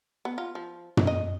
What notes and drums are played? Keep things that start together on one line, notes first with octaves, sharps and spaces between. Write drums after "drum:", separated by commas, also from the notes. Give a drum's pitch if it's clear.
B3
F4
F3
drum: tom
D#5